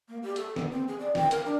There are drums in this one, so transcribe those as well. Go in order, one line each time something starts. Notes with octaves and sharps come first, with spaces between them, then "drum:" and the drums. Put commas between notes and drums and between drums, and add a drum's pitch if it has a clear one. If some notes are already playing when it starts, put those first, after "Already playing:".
A#3
G4
A4, drum: hi-hat
B3, drum: snare
C4
G#4
D5
G5, drum: snare
A#4, drum: hi-hat
D4